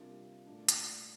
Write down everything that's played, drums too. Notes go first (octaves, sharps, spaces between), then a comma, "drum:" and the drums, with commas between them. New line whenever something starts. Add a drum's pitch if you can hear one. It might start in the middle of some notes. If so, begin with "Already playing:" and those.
Already playing: C3 G3 A#3 D4 F4
A#2 A3 D4
drum: hi-hat